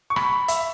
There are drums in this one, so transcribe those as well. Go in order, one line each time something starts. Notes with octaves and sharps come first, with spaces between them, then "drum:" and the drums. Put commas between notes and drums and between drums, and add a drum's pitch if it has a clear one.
C#6
B5, drum: rim click
E5, drum: hi-hat